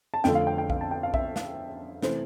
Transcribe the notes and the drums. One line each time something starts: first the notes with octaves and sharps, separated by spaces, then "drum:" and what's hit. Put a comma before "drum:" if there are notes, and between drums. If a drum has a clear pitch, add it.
A5
F2 D3 F3 A3 G5, drum: snare
F5
G5
G5
F5, drum: kick B1
A5
G5
F5
E5, drum: kick B1
F5, drum: snare
C3 E3 A3 C5, drum: snare